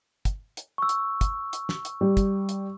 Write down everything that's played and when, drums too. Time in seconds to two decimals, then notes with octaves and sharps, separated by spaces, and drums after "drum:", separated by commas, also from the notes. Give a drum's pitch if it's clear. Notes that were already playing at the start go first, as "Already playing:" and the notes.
0.25 drum: kick, hi-hat
0.57 drum: hi-hat
0.78 C#6 E6
0.89 drum: hi-hat
1.21 drum: kick, hi-hat
1.53 drum: hi-hat
1.69 drum: snare
1.85 drum: hi-hat
2.01 G3
2.17 drum: kick, hi-hat
2.49 drum: hi-hat